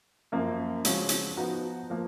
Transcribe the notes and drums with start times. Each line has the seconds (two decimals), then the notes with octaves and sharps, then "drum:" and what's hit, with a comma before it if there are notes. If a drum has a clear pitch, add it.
0.32 F#2 F3 A#3
0.85 C#3 F3 G#3 C#4 F#4, drum: hi-hat
1.09 drum: hi-hat
1.37 F3 B3 D#4 F#4
1.90 F3 A#3